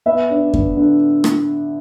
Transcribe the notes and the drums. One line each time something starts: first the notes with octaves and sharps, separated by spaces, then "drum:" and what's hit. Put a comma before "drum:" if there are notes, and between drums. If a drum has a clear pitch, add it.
B3 E5
D4
B3, drum: kick F#2
D3
drum: rim click